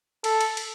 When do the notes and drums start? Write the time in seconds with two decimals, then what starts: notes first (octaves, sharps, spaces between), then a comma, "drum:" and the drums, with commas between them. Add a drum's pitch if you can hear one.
0.24 A4, drum: cymbal
0.41 drum: cymbal
0.57 drum: cymbal